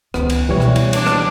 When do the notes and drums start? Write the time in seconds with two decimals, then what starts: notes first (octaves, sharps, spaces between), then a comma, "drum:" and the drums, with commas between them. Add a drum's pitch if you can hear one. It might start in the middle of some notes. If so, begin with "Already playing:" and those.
0.14 C#2 D#3 B3, drum: rim click
0.30 drum: cymbal
0.49 B2 E3 G3 C#5
0.60 drum: rim click
0.76 drum: cymbal
0.93 D4, drum: cymbal
1.06 drum: rim click